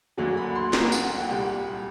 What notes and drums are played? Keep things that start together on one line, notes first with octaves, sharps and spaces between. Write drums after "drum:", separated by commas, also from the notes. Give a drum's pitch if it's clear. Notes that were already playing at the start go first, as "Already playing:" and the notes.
D2 D3 F#3 A#3
B5
C6
A#5, drum: snare
F#5, drum: tambourine
F#5
G5
C2 A#2 G3 F#5